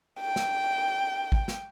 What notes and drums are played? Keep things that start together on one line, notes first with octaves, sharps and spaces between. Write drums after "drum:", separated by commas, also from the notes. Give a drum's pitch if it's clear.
G5
drum: snare
drum: kick G#1
drum: snare